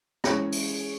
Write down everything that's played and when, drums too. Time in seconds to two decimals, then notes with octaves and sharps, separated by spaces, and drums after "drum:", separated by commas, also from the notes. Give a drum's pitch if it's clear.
0.24 E3 G#3 C#4 C#5, drum: rim click
0.52 drum: open hi-hat